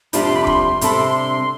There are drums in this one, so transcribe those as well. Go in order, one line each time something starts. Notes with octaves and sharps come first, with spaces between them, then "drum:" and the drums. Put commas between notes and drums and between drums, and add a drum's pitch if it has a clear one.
F2 C3 G3 D4 F4 B5, drum: hi-hat
C6
B5
D6
C6, drum: kick F1
C3 G3 D4 A4 B5, drum: hi-hat
C6
C6